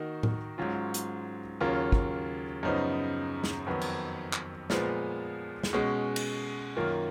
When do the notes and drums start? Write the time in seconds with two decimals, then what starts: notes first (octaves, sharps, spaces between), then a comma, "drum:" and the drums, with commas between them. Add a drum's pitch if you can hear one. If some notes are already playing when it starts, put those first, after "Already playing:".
Already playing: D#3 A#3 D#4 F#4
0.23 drum: tom A2
0.58 G#2 F#3 C#4 F4
0.94 drum: hi-hat
1.60 D#2 C#3 F#3 A#3 F4
1.92 drum: kick
2.63 F#2 C#3 F3 B3 D#4
3.44 drum: snare
3.66 F2 D#3 F#3 B3
3.81 drum: cymbal
4.33 drum: clap
4.70 A#2 F3 G#3 B3, drum: snare
5.63 drum: snare
5.73 B2 G#3 C#4
6.16 drum: cymbal
6.77 F#2 D#3 A#3 F4